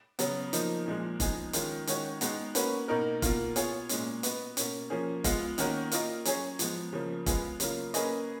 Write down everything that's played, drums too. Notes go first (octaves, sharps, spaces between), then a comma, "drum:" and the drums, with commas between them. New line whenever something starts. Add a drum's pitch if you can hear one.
C#3 F#3 B3, drum: hi-hat
F3 A#3 D#4, drum: hi-hat
A#2 F3 G#3
F3 G#3 B3 D#4 G#4, drum: kick F1, hi-hat
D#3 G#3 C#4 F4, drum: hi-hat
D#3 G#3 C#4 F#4 C#5, drum: hi-hat
G#3 B3 D#4 F#4, drum: hi-hat
A#3 C#4 F#4 B4, drum: hi-hat
B2 A#3 D#4 A#4
B2 A#3 F4, drum: kick F1, hi-hat
B3 F4 G#4 C#5, drum: hi-hat
A#2 G#3 C#4, drum: hi-hat
B3 F#4 B4 D#5, drum: hi-hat
B2 A#3 C#4, drum: hi-hat
F3 A#3 C#4 G#4
G#3 B3 F4, drum: kick F1, hi-hat
D#3 A#3 C#4 F#4 A#4, drum: hi-hat
A#3 F4 A#4 D#5, drum: hi-hat
F#3 C#4 G#4 C#5, drum: hi-hat
F3 G#3 B3, drum: hi-hat
C#3 F3 A#3
G#3 B3 F4 G#4 B4, drum: kick F1, hi-hat
C#3 F#3 A#3 F4, drum: hi-hat
A#3 C#4 G#4 B4 D#5, drum: hi-hat